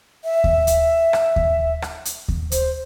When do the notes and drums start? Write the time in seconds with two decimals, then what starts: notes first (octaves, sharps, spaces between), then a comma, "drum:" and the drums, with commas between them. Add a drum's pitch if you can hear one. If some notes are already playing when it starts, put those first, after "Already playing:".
0.24 E5
0.44 drum: kick D#2
0.67 drum: hi-hat
1.13 drum: rim click
1.36 drum: kick D#2
1.82 drum: rim click
2.05 drum: hi-hat
2.28 drum: kick D#2
2.52 C5, drum: hi-hat